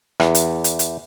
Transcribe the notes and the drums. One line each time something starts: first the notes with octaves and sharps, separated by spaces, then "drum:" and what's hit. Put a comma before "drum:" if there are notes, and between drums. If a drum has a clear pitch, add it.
E2, drum: rim click
drum: hi-hat
drum: hi-hat
drum: hi-hat